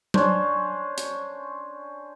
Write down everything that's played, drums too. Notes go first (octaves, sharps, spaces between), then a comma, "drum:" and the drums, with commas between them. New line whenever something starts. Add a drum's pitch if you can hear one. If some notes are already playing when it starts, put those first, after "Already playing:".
C#4 D4 C5, drum: tom F#3
drum: hi-hat